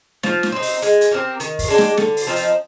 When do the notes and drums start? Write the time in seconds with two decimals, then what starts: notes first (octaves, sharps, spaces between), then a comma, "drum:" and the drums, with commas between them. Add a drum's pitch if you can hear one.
0.23 F3, drum: snare
0.43 drum: snare
0.52 C4 D#4
0.62 drum: open hi-hat
0.82 G#3, drum: hi-hat
1.01 drum: hi-hat
1.11 C4 G4 A#4
1.40 D#3, drum: hi-hat
1.59 drum: kick, open hi-hat
1.68 G#3 D4 G4
1.78 drum: snare
1.97 D3, drum: snare
2.17 drum: open hi-hat
2.27 F3 C4 D#4
2.36 drum: hi-hat